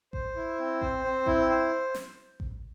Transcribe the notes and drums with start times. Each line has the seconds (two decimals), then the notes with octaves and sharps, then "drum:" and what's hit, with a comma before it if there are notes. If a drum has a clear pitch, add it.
0.13 C5, drum: kick A1
0.36 E4
0.59 C4
0.82 C5, drum: kick A1
1.04 C4
1.26 E4, drum: kick A1
1.49 C5
1.95 drum: snare
2.40 drum: kick A1